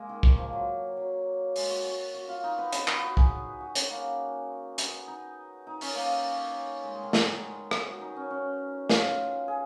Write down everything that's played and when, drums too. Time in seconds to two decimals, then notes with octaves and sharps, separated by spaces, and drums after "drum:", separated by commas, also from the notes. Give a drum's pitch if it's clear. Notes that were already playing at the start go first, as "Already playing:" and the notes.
Already playing: G#3 A#3
0.09 D#3
0.23 D#3, drum: kick
0.38 F3
0.53 F#3
0.97 F#3
1.56 G#3, drum: open hi-hat
1.70 F#4
1.85 F#4
2.14 F#4
2.28 F4
2.44 D#4
2.58 B3
2.73 B3, drum: hi-hat
2.88 D#4, drum: clap
3.02 F#4
3.17 G#4, drum: kick
3.61 F#4
3.75 C#4, drum: hi-hat
3.91 A#3
4.78 B3, drum: hi-hat
5.08 D#4
5.67 D#4
5.81 C#4, drum: open hi-hat
5.95 A#3
6.83 G#3
6.94 G#3
7.03 D#3
7.13 B3, drum: snare
7.71 D#4, drum: rim click
7.86 F#4
8.01 D#4
8.16 C#4
8.30 C#4
8.90 F4, drum: snare
9.48 G#4